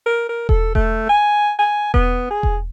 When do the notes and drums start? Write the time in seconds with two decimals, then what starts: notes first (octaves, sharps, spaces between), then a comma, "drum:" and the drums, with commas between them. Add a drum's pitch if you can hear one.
0.06 A#4
0.29 A#4
0.49 A4, drum: kick E1
0.75 A3, drum: kick E1
1.09 G#5
1.59 G#5
1.94 B3, drum: kick E1
2.31 G#4
2.43 drum: kick E1